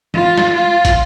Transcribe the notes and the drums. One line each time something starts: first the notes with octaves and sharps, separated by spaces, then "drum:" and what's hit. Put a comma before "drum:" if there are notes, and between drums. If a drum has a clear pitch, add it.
F4, drum: tom E3
drum: snare
F4
drum: kick, hi-hat